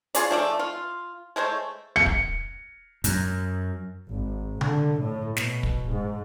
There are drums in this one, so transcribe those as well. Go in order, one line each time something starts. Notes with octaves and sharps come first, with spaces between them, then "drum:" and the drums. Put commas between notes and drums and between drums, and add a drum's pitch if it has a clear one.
F4 G#4 C#5 D5, drum: hi-hat
F3 A3 D5
F4
G#3 A3 C5 C#5
C#7
drum: kick
F#2, drum: hi-hat
G#1
D3, drum: tom C3
A2
B2, drum: snare
drum: kick
G#2